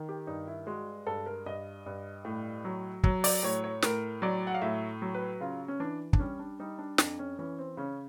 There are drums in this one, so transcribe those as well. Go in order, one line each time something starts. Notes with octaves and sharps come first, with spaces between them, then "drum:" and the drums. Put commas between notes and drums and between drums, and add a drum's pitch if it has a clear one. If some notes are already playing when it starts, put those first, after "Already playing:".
Already playing: D#3
G4
G2 D#4
E4
G#3 F#4
G2 A4
A#4
G2 D#5
G2
A2
F#3
F#3, drum: kick
D5, drum: open hi-hat
A2 C#5
C#5
A2 A#4, drum: snare
F#3 D5
F#5
F5
A2 E5
F#3
B4
C#3 F4
C#4
E3 D4
D4, drum: kick
G3 C#4
D4
G3 D#4
D4
F2 D4, drum: snare
C#4
E3 C#4
C4
C#3 C#4